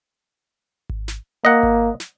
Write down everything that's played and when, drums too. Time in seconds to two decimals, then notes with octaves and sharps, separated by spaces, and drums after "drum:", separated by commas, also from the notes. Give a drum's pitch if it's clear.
0.89 drum: kick G#1
1.08 drum: snare
1.45 A#3 D#5 F#5
1.63 drum: kick G#1
2.00 drum: snare